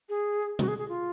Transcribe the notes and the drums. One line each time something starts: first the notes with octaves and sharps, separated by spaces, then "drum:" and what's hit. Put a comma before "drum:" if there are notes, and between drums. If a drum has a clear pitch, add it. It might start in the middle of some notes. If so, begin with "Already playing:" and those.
G#4
F#4, drum: tom
G#4
G#4
F4